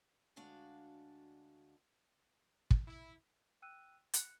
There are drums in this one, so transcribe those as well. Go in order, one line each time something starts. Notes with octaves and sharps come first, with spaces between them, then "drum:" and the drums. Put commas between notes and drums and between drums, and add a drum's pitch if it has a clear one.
D2 G#3 D4 F#4 F5
drum: kick
E4
G5 E6 F#6 D#7
F#6 C#7, drum: hi-hat